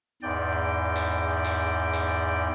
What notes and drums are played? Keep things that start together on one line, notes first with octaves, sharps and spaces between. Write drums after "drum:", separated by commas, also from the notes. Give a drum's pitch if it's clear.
E2 G#2 D5 G5
drum: hi-hat
drum: hi-hat
drum: hi-hat